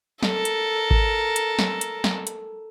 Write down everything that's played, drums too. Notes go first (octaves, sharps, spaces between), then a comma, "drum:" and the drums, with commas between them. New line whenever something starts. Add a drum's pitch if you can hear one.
A4 A#4, drum: snare
drum: hi-hat
drum: kick G#1
drum: hi-hat
drum: snare
drum: hi-hat
drum: snare
drum: hi-hat